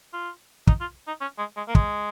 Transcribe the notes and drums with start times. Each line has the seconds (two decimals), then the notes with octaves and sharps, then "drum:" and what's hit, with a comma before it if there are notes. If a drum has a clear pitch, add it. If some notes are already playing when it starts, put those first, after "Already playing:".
0.13 F4
0.67 D#4, drum: kick
0.81 F4
1.07 D#4
1.21 C#4
1.39 G#3
1.57 G#3
1.68 A#3
1.75 G#3, drum: kick